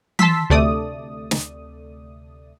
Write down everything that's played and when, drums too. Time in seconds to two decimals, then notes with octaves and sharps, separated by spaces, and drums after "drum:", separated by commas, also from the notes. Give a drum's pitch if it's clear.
0.19 A5 C6 E6 B6, drum: tom E3
0.50 D2 C3 A3 D5 D#6
1.31 drum: snare